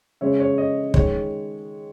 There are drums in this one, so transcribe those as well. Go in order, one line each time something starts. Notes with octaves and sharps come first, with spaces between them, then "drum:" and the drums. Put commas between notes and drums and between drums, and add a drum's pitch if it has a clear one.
C#3 G#3 C#4 C#5 E5
C#5
D#5
D#3 G#3 C#5, drum: kick